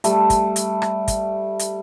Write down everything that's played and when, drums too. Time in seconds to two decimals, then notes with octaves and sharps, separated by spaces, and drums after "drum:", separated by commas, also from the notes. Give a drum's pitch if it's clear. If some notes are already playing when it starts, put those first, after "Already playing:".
0.04 G3 A3, drum: hi-hat
0.30 drum: kick, hi-hat
0.56 drum: hi-hat
0.82 drum: rim click
1.08 drum: kick, hi-hat
1.59 drum: hi-hat